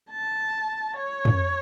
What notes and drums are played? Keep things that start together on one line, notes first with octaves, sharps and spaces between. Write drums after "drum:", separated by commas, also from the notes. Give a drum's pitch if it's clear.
A5
C#5
drum: tom